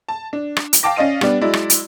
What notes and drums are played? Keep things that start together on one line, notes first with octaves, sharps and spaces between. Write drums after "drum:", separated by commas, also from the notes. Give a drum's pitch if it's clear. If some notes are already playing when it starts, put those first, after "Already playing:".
A5
D4
drum: rim click
drum: hi-hat
F5 G5 A5 D6 A#6
C#4 D5 D#5 F5 D#7
G3 B3 D4 D5, drum: rim click
F#3 G#3 E4 D5
drum: rim click
drum: hi-hat